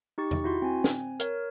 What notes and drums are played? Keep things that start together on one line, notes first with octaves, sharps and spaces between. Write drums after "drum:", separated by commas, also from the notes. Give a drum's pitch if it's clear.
D#4 G4 C#6 A6
drum: tom E2
E4 F#4 C6
C4 G#5
drum: snare
A#4 C#5, drum: hi-hat